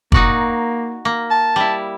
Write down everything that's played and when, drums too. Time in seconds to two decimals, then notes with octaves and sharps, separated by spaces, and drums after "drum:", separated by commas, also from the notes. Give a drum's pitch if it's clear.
0.12 A#3 D#4 F#4 D5, drum: kick
1.05 A#3
1.31 A5
1.56 G3 E4